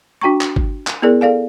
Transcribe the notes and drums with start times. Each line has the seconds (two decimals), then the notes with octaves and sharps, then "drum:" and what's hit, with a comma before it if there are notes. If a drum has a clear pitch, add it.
0.21 D4 F#4 G5 A#5 C#6
0.41 drum: clap
0.56 drum: kick G1
0.87 drum: clap
1.02 B3 E4 G#4 A#4 D5
1.21 A4 D5 F5 G#5